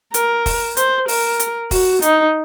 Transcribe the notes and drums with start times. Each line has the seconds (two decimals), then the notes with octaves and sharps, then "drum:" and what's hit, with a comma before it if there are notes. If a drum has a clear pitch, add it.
0.14 A#4, drum: hi-hat
0.46 drum: kick, open hi-hat
0.77 C5, drum: hi-hat
1.08 A#4, drum: open hi-hat
1.39 drum: hi-hat
1.71 F#4, drum: kick, open hi-hat
2.02 D#4, drum: hi-hat